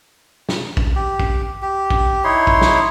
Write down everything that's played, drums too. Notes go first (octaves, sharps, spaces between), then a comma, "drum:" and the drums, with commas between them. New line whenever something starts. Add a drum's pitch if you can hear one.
drum: snare
drum: kick A#1
G4
drum: kick A#1
G4
drum: kick A#1
D#4 E4 C#5 C6
drum: kick A#1
drum: snare